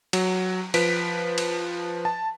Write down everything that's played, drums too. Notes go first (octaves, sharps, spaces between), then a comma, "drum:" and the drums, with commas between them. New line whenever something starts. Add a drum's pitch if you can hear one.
F#3, drum: cymbal
F3 B4 B6 D7, drum: cymbal
drum: cymbal
A5